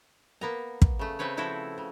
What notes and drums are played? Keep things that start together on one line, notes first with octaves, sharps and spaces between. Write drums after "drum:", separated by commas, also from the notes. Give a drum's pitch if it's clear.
A#3 B3 A#5
drum: kick
C#3 A3
C#3 A3 C4 B4 C#5
F3 E4 F#4 A4 G5
C#3